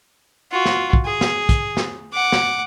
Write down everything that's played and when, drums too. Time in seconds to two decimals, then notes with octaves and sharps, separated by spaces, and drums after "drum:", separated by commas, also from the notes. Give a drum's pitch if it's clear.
0.52 F4 F#4
0.65 drum: snare
0.93 drum: kick
1.05 G#4
1.21 drum: snare
1.49 drum: kick, hi-hat
1.77 drum: snare
2.13 F#5 D6
2.32 drum: snare